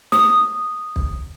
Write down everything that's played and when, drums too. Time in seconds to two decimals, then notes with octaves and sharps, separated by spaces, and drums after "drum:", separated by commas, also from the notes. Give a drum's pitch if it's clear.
0.12 D#6, drum: snare
0.96 drum: kick